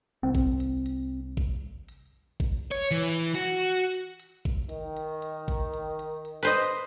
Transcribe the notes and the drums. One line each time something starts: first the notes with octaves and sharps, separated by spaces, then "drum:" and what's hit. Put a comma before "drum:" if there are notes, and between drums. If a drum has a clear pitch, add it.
C2 C4
drum: kick G#1, hi-hat
drum: hi-hat
drum: hi-hat
drum: kick G#1, hi-hat
drum: hi-hat
drum: kick G#1, hi-hat
C#5
E3, drum: hi-hat
drum: hi-hat
F#4
drum: hi-hat
drum: hi-hat
drum: hi-hat
drum: kick G#1, hi-hat
D#3, drum: hi-hat
drum: hi-hat
drum: hi-hat
drum: kick G#1, hi-hat
drum: hi-hat
drum: hi-hat
drum: hi-hat
B4 C5 D#5